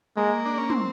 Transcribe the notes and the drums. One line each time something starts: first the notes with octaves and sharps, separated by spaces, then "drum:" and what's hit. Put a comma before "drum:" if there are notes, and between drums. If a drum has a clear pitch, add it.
G#3 A#3
D4
C#4
C4, drum: tom